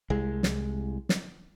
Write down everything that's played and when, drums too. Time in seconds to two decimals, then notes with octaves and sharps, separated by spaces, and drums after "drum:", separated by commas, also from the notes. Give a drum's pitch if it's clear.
0.10 C2 G#3
0.43 drum: snare
1.09 drum: snare